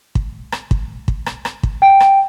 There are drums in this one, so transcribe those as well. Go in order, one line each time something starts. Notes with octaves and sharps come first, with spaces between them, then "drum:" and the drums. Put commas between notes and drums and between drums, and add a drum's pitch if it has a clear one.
drum: kick
drum: rim click
drum: kick
drum: kick
drum: rim click
drum: rim click
drum: kick
G5
drum: rim click